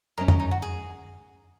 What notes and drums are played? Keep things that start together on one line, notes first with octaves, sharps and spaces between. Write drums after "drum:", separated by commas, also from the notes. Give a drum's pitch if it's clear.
F#2 F#3 C#4 A#4 D#5
A#4 D#5, drum: tom
D#4
F#4
G#4